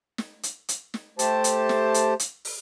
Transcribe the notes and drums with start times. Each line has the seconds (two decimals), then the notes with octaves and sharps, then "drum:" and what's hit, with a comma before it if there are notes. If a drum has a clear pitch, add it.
0.18 drum: snare
0.43 drum: hi-hat
0.69 drum: hi-hat
0.94 drum: snare
1.19 A3 G4 C5 A5, drum: hi-hat
1.44 drum: hi-hat
1.69 drum: snare
1.94 drum: hi-hat
2.20 drum: hi-hat
2.45 drum: open hi-hat